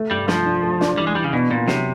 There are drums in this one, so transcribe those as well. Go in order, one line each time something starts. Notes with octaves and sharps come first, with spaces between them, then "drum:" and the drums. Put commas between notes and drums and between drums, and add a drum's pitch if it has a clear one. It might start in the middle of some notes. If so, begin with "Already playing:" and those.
Already playing: A3
G2 G3
F3 A3, drum: snare
D4
A3
D4, drum: snare
E3 G3
G#3
E3 G3
C#3
B2 D4
A#2 B3
C3 F#3, drum: snare